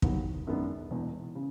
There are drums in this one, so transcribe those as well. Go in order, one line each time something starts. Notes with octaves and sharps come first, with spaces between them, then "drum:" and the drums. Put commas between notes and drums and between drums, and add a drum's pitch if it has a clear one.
D#2 D#3 F#3 B3, drum: kick
F#2 D#3 G#3 B3 D4
E1 E2 B2
C#3